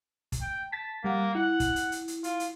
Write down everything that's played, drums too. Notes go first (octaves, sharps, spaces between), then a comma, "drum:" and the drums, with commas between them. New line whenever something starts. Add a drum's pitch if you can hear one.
drum: kick, hi-hat
G5
A5 A6 B6
G3 A#3 F#5
E4 F#5
drum: kick, hi-hat
drum: hi-hat
drum: hi-hat
drum: hi-hat
F4, drum: hi-hat
drum: hi-hat